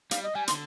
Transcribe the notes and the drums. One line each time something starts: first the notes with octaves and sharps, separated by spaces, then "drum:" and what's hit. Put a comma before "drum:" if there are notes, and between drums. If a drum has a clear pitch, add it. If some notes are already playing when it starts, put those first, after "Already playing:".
G3 F5, drum: hi-hat
D#5
G3 G#5
D3 C6, drum: hi-hat